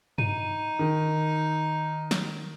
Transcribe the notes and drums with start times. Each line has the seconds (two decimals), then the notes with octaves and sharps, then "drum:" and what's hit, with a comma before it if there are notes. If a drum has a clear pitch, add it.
0.18 D#4, drum: tom G2
0.79 D#3
2.11 drum: snare